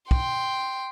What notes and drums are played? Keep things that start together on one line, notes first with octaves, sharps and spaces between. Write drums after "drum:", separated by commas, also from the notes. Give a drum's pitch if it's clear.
G5 C6, drum: kick